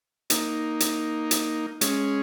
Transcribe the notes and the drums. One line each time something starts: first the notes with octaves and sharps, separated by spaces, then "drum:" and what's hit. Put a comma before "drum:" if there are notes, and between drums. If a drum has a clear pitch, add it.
A#3 D#4, drum: hi-hat
drum: hi-hat
drum: hi-hat
G#3 C#4, drum: hi-hat